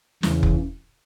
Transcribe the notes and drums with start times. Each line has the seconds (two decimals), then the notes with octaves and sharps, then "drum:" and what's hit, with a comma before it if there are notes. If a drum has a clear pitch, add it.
0.23 E2 C#3 E3, drum: snare
0.43 drum: kick F1